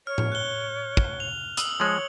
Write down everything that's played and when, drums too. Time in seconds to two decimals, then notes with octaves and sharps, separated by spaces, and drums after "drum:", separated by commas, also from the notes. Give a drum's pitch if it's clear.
0.07 C#5 F6
0.18 drum: tom A2
0.32 F#6 G7
0.97 drum: kick
1.20 F7
1.57 D#6 E6 F#7, drum: hi-hat
1.80 F3 G#3 C#5